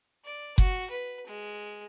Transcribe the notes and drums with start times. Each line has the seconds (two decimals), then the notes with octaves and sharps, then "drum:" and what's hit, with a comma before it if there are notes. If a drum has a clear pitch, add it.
0.25 D5
0.58 F#4, drum: kick F#1
0.90 B4
1.27 G#3